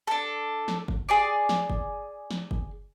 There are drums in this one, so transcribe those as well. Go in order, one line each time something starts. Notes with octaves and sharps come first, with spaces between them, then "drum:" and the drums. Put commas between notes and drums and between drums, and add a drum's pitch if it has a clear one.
D4 A4
drum: snare
drum: kick F#1
G#4 D5 D6
drum: snare
drum: kick F#1
drum: snare
drum: kick F#1